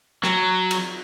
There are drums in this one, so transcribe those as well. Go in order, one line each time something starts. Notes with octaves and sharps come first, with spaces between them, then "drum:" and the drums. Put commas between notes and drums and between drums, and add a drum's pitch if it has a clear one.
F#3, drum: rim click
drum: cymbal